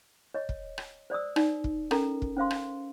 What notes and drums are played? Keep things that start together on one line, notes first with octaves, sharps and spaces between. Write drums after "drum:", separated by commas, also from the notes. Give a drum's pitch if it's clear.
C#5 D#5
drum: kick
drum: rim click
C5 D5 D#6 E6
D#4 D5, drum: rim click
drum: kick
C#4 A4 A#4 A#5, drum: rim click
drum: kick
C#4 C5 F5 C6
drum: rim click